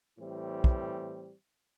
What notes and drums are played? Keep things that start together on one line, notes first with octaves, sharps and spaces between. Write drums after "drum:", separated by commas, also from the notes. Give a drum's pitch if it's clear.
A2 E3 G3 C4 E4
drum: kick